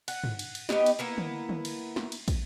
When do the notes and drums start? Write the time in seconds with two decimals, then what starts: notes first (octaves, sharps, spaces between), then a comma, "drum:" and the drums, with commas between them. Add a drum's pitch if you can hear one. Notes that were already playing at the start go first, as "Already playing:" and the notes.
0.08 F#5, drum: cymbal
0.24 drum: tom
0.39 drum: cymbal
0.55 drum: cymbal
0.69 B3 D#4 G4 D#5, drum: snare
0.86 drum: cymbal
0.99 A#3 B3 E4
1.18 drum: tom
1.49 drum: tom
1.65 drum: cymbal
1.96 drum: snare
2.12 drum: cymbal
2.28 drum: kick, cymbal